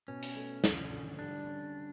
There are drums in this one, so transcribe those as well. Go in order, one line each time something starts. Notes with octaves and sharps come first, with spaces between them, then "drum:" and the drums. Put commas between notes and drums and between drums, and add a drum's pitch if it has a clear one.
B2 C#4
drum: hi-hat
A3
D3, drum: snare
D3
G3 D4
C#4